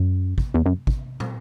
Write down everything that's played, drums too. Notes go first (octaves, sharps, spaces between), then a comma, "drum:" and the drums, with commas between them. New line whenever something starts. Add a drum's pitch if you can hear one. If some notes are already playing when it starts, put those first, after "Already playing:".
Already playing: F#2
drum: kick
E2
F#2
drum: kick
drum: tom